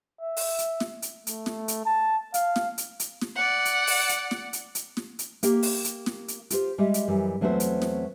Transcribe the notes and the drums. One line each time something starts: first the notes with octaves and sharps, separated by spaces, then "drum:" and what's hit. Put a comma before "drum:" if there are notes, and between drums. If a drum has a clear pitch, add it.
E5
drum: open hi-hat
drum: hi-hat
drum: snare
drum: hi-hat
A3, drum: hi-hat
drum: snare
drum: hi-hat
A5
F5, drum: hi-hat
drum: snare
drum: hi-hat
drum: hi-hat
drum: snare
D5 F#5
drum: hi-hat
drum: open hi-hat
drum: hi-hat
drum: snare
drum: hi-hat
drum: hi-hat
drum: snare
drum: hi-hat
A#3 G4 G5, drum: hi-hat
drum: open hi-hat
drum: hi-hat
drum: snare
drum: hi-hat
F4 G4 C5, drum: hi-hat
G3 G#3 G4 E5
drum: hi-hat
F#2 E3 G3
E2 F#3 A3 C4 F#4 C5
drum: hi-hat
drum: snare